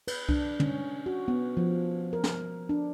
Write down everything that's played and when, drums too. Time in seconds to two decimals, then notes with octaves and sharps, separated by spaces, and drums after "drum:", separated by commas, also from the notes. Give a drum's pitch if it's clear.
0.08 B4, drum: cymbal
0.29 D4, drum: kick C2
0.60 C#4, drum: tom
1.06 F#4
1.28 B3
1.57 F3
2.13 A#4
2.24 drum: snare
2.69 D4